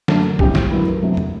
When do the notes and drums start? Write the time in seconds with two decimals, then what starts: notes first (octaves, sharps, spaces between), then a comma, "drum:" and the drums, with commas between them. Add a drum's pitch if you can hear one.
0.08 F#2 F#3 A3 D4, drum: snare
0.39 A2 G3 C4 G4, drum: kick B1
0.55 drum: snare
0.71 F#2 F#3 B3 E4
1.02 C3 F#3 A3
1.17 drum: tom